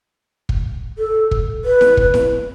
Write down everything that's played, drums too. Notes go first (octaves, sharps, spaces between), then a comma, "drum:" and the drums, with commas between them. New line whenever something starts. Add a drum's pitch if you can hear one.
drum: kick
A4
drum: kick
B4
drum: snare E4
drum: kick
drum: snare E4